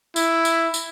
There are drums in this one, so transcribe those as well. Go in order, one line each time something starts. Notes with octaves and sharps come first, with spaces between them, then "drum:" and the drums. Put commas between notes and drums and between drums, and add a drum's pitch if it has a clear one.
E4, drum: tambourine
drum: tambourine
drum: tambourine